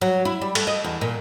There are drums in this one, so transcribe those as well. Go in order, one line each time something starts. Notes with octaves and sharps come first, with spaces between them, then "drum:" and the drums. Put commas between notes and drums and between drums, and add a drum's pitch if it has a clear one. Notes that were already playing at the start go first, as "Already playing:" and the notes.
F#3
E4
G3
A3, drum: cymbal
D#5
E2
A#2